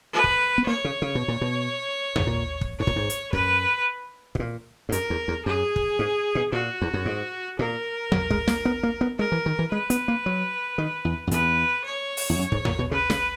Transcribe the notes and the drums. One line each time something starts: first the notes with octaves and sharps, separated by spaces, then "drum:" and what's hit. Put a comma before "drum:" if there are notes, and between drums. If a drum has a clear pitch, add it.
B4
drum: kick
B3
A#3 C#5
C#3
C#3
B2
A#2
B2
G#2, drum: tom
A#2
drum: kick
G#2 C#5
A#2, drum: kick
G#2
drum: hi-hat
F#2 B4, drum: kick
B2, drum: kick
A#2
G#2
F#2 A#4, drum: hi-hat
E2
E2
F#2 G#4
drum: kick
G#2
B2
A#2 F#4
E2
F#2
G#2
A#2 A#4
F#3, drum: tom
G#3, drum: kick
A#3, drum: snare
B3
A#3
B3
G#3 A#4
E3
D#3
E3
G#3 B4
B3, drum: hi-hat
A#3
F#3
D#3
E2
F#2
E2 B4, drum: hi-hat
C#5
drum: open hi-hat
E2
F#2
G#2, drum: kick
A#2, drum: tom
B2
C#3 B4
C#3, drum: snare